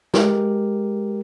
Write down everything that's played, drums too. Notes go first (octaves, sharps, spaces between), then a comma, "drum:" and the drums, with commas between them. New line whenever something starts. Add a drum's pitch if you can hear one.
G#3 G4 A#4, drum: snare